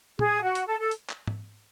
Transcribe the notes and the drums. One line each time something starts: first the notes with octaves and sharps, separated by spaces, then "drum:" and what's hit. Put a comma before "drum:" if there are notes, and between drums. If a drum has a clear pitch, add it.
G#4, drum: tom
F#4
drum: hi-hat
A4
A4
drum: hi-hat
drum: clap
drum: tom G#2